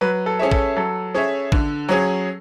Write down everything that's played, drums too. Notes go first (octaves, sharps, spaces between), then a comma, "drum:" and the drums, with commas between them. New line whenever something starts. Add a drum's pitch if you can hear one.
F#3 B4
A4
C#4 G#4 C#5 E5
A4, drum: kick
F#3 A4
C#4 G#4 C#5 E5
D3, drum: kick
F#3 C#4 G#4